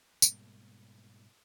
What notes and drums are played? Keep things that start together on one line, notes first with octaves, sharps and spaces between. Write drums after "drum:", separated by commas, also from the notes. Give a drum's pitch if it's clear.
G#2 B2 G3 A#3, drum: tambourine